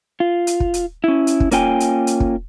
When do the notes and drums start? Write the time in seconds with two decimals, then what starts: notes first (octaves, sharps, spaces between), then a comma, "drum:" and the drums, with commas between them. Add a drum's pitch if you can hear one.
0.20 F4
0.47 drum: hi-hat
0.60 drum: kick
0.74 drum: hi-hat
1.04 C#4 E4
1.27 drum: hi-hat
1.40 drum: kick
1.51 A#3 C#4 F4 G5 G#5, drum: hi-hat
1.80 drum: hi-hat
2.07 drum: hi-hat
2.20 drum: kick